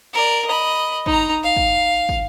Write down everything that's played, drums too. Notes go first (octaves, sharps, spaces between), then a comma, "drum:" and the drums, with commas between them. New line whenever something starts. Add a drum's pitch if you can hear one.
A#4 D5
D#5 B5
D#4 A#5, drum: kick
F5
drum: kick
drum: kick